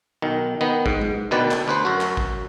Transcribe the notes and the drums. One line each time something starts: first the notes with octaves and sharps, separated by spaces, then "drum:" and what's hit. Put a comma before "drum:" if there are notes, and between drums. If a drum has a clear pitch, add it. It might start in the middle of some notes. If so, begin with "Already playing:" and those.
B1 D#3
D#3 B3
G#2, drum: kick
drum: tom G#3
D2 B2 D#3 B4 D5
drum: clap
D2 B4 C5
F#2 F#4
drum: clap
drum: kick